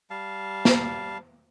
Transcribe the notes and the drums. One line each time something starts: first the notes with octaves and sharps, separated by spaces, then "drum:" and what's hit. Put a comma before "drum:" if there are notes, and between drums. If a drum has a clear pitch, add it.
G3 F5 A5
drum: snare